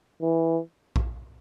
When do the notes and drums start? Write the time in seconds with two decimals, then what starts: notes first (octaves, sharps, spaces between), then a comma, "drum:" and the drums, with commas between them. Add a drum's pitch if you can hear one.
0.22 E3
0.96 drum: kick A#1